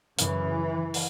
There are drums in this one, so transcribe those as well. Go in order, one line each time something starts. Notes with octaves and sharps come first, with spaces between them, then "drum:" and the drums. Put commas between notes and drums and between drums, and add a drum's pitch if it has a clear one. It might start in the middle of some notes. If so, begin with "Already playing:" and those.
F#2 C#3 E3, drum: hi-hat
drum: open hi-hat